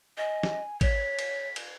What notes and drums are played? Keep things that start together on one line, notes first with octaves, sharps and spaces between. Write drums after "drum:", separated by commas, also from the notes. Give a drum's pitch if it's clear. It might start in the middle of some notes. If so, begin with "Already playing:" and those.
D#5 G#5
drum: snare
C#5 B6, drum: kick, cymbal
drum: cymbal
drum: cymbal